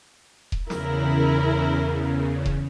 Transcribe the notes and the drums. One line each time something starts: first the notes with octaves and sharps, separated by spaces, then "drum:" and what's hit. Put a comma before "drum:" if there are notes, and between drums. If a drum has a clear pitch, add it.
drum: kick D#1
E2 C#3 E4 A#4, drum: snare
drum: kick D#1